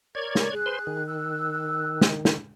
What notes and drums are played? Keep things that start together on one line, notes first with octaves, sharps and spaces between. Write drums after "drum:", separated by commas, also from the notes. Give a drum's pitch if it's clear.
A#4 C#5 D5 G#6
drum: snare
G#4 F#6
B4 C5 C6
D#3
E6 F#6
drum: snare
drum: snare